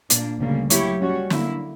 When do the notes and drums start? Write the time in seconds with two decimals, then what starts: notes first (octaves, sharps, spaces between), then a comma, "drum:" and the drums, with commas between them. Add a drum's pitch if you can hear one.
0.10 A#2 A#3 D4, drum: hi-hat
0.40 D2 C#3 G3 A#3
0.70 F#3 A#3 E4 G4 C#5, drum: hi-hat
1.01 G3 C#4 F#4 C#5
1.30 D3 F#3 A#3 E4, drum: snare